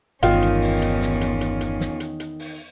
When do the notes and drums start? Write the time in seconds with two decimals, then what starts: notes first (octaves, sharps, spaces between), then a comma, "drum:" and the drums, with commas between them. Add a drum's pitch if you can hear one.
0.23 G1 E2 D#3 C#4 F4, drum: hi-hat
0.42 drum: hi-hat
0.62 drum: open hi-hat
0.82 drum: hi-hat
1.02 drum: snare
1.21 drum: hi-hat
1.41 drum: hi-hat
1.61 drum: hi-hat
1.80 drum: snare
2.00 drum: hi-hat
2.20 drum: hi-hat
2.40 drum: open hi-hat